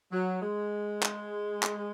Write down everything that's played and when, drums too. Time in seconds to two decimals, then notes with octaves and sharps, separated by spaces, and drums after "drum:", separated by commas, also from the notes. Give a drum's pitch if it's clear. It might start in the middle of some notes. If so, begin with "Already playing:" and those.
0.12 F#3
0.42 G#3
1.03 drum: clap
1.63 drum: clap